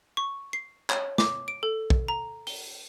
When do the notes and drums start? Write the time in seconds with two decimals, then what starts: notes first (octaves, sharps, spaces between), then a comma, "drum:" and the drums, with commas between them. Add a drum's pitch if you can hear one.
0.17 C#6
0.53 C7
0.90 C#5, drum: clap
1.18 D6, drum: snare
1.48 D7
1.63 A4
1.90 drum: kick
2.08 A#5
2.47 G7, drum: open hi-hat